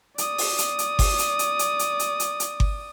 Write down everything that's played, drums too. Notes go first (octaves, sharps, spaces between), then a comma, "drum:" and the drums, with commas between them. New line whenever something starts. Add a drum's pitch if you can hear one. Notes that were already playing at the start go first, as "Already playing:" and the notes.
D5 D#6, drum: hi-hat
drum: open hi-hat
drum: hi-hat
drum: hi-hat
drum: kick G1, open hi-hat
drum: hi-hat
drum: hi-hat
drum: hi-hat
drum: hi-hat
drum: hi-hat
drum: hi-hat
drum: hi-hat
drum: kick G1